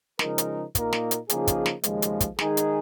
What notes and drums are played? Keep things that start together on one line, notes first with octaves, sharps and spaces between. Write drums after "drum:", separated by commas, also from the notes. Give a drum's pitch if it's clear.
C#3 F3 G#3 D#4 A#4, drum: snare
drum: hi-hat
A#2 A#3 D#4 A#4, drum: kick, hi-hat
drum: snare
drum: hi-hat
C#3 F3 A#3 D#4 G#4, drum: hi-hat
drum: kick, hi-hat
drum: snare
D#2 C#3 F3 G#3, drum: hi-hat
drum: hi-hat
drum: kick, hi-hat
D#3 G#3 D#4 G#4, drum: snare
drum: hi-hat